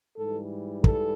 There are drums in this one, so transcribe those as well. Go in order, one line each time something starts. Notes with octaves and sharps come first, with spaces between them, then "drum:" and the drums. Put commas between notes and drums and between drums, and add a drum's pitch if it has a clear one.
G#2 E3 G3 A4
A4, drum: kick